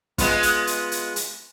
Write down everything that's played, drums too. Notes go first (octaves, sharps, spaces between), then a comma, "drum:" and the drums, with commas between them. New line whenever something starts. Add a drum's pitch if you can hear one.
G#3 B3 F4, drum: kick, hi-hat
drum: hi-hat
drum: hi-hat
drum: hi-hat
drum: hi-hat